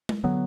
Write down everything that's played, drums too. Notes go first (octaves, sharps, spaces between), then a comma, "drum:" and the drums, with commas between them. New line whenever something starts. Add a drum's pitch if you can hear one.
drum: tom
D3 F#3 B3